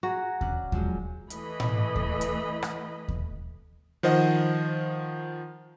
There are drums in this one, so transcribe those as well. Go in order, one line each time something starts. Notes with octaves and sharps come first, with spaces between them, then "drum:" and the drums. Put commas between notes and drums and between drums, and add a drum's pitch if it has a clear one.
F#4 G#4 A#5
C#4 D4 F#6, drum: kick D#2
F3 F#3 G#3, drum: kick D#2
E3 A3 D#5 B5, drum: hi-hat
drum: tom A2
drum: kick D#2
drum: hi-hat
drum: rim click
drum: kick D#2
D#3 F3 C5 D#5 F#5